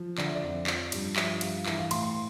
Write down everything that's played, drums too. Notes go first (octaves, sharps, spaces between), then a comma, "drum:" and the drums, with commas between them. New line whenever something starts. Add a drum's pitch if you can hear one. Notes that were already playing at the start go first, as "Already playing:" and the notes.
Already playing: F3
D3 D5, drum: clap
E5
D5
F2
F3, drum: clap
G2, drum: cymbal
F3 E5, drum: clap
G2 F5, drum: cymbal
E3 E5, drum: clap
F5
A2 C6, drum: cymbal
C6